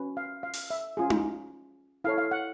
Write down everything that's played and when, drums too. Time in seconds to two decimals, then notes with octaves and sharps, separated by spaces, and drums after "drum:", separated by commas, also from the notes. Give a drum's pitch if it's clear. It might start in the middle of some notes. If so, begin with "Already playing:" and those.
Already playing: C#4 F#4 B4
0.17 F5
0.43 F5
0.53 drum: open hi-hat
0.70 E5
0.97 C#4 F4 G#4
1.10 drum: tom D#4
2.04 E4 A4 C#5 F5
2.18 F5
2.31 F#5